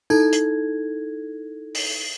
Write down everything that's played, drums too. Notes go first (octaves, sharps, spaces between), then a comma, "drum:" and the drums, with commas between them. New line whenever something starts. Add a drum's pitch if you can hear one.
D#4 E4 A4 G#6, drum: tambourine
drum: hi-hat
drum: open hi-hat